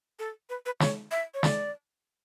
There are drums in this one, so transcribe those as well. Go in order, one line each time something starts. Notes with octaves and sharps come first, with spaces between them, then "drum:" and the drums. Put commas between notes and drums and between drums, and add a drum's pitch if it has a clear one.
A4
B4
B4
C#5, drum: snare
E5
C#5
D5, drum: snare